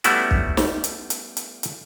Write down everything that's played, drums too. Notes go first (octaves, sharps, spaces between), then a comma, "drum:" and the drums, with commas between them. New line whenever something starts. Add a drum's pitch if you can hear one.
G3 A3 B3 C#4 E4 F#4, drum: hi-hat
drum: kick
drum: snare
drum: hi-hat
drum: hi-hat
drum: hi-hat
drum: hi-hat